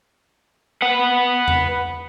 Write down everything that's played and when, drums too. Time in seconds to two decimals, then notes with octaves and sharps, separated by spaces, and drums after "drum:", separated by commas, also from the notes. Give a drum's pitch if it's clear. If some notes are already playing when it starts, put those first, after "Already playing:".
0.82 B4 F#5
1.48 drum: tom E2